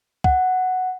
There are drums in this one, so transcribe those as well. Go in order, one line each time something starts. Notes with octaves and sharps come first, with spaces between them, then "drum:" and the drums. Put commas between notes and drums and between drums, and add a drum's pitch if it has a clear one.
F#5, drum: kick